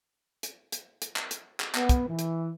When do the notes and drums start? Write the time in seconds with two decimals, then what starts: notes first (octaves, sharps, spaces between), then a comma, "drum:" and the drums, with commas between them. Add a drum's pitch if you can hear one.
0.43 drum: hi-hat
0.72 drum: hi-hat
1.02 drum: hi-hat
1.16 drum: clap
1.31 drum: hi-hat
1.60 drum: clap
1.75 B3, drum: clap
1.89 drum: kick, hi-hat
2.08 E3
2.19 drum: hi-hat